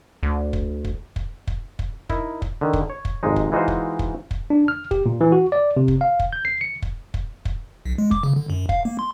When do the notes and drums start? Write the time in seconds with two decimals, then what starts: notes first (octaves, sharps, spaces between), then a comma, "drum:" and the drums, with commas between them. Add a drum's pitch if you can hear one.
0.23 D2
0.53 drum: kick
0.85 drum: kick
1.16 drum: kick
1.47 drum: kick
1.79 drum: kick
2.09 D#4 E4 A#4, drum: kick
2.42 drum: kick
2.61 D3 D#3
2.73 drum: kick
2.90 C#5
3.05 drum: kick
3.23 G#1 F2 C3 G#3 D#4
3.36 drum: kick
3.52 E3 G#3 D#4 F4 F#4 C5
3.68 drum: kick
3.99 drum: kick
4.31 drum: kick
4.50 D4
4.68 F6
4.91 G4, drum: kick
5.06 A#2
5.21 E3
5.32 F#4
5.52 D5
5.77 C3
5.88 drum: kick
6.01 F5
6.19 drum: kick
6.33 G6
6.45 C7
6.61 C#7
6.82 drum: kick
7.14 drum: kick
7.45 drum: kick
7.85 B1
7.98 G#3
8.11 D6, drum: kick
8.23 C#3
8.36 D3
8.50 F#2
8.69 F5, drum: kick
8.85 A#3
8.99 C6